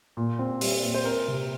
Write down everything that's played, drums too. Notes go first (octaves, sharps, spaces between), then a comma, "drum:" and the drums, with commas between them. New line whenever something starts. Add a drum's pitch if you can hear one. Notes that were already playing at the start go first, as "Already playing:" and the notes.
A#2
C4
G3, drum: open hi-hat
A#2
C5
C4 A#4
C3